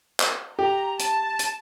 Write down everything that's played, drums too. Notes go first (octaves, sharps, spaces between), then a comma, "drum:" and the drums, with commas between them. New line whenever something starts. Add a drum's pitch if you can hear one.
drum: clap
G4 A#5
A5, drum: hi-hat
drum: hi-hat